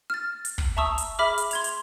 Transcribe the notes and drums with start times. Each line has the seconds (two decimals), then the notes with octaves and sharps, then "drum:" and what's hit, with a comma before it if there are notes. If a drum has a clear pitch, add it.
0.10 F6 A6
0.45 drum: hi-hat
0.58 drum: kick
0.77 E5 A5 A#5 C#6 D#6 E6
0.98 drum: hi-hat
1.19 G#4 E5 B5 D6 F6
1.38 drum: hi-hat
1.51 C6 G#6 F7, drum: hi-hat
1.64 drum: hi-hat